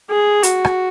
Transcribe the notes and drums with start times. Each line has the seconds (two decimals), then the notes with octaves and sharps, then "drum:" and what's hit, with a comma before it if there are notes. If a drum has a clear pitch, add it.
0.11 G#4
0.43 F#4, drum: hi-hat
0.65 drum: rim click